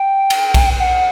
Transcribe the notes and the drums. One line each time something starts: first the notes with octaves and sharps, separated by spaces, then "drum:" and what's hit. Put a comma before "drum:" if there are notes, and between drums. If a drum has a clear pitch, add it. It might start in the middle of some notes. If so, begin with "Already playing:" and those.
Already playing: G5
drum: cymbal
drum: kick B1, cymbal
F#5